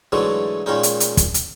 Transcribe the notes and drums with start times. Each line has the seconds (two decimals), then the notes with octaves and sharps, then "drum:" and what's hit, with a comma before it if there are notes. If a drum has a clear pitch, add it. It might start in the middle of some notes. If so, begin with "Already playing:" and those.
0.12 G#2 D3 E3 F#3 G#3 A3
0.66 A#2 D#3 G#3 C#4 D#4
0.83 drum: hi-hat
1.00 drum: hi-hat
1.17 drum: kick, hi-hat
1.34 drum: hi-hat